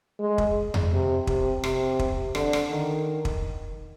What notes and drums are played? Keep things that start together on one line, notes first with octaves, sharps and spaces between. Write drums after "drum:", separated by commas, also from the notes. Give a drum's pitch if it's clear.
G#3
drum: kick
drum: tom E2
C3
C3, drum: kick
C3, drum: rim click
drum: kick
D3, drum: rim click
drum: rim click
D#3
drum: kick